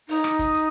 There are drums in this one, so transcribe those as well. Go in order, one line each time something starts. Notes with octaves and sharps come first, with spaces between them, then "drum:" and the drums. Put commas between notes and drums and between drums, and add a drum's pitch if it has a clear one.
D#4, drum: open hi-hat
drum: rim click
drum: kick, hi-hat
drum: hi-hat